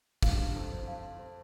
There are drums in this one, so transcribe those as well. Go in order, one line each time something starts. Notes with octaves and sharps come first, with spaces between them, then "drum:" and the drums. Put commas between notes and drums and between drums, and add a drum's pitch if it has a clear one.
G2 F5, drum: kick, hi-hat
C6
F2 C5
C5
F5
C6
C5